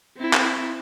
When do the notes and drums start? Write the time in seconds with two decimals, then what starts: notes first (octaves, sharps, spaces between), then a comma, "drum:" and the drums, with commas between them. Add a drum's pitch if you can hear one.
0.17 C4 E4
0.33 drum: clap